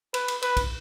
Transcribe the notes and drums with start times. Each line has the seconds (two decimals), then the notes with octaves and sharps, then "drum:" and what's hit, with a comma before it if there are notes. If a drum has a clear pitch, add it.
0.14 B4, drum: cymbal
0.28 drum: cymbal
0.42 B4, drum: cymbal
0.57 drum: kick B1, cymbal